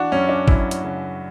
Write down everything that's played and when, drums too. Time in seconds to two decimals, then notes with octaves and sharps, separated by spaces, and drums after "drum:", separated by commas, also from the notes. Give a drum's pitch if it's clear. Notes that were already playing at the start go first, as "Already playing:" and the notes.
Already playing: E3 D4 F#4
0.12 F#2 C#4
0.29 D4
0.48 F#2 E4, drum: kick
0.71 drum: hi-hat
0.84 C#3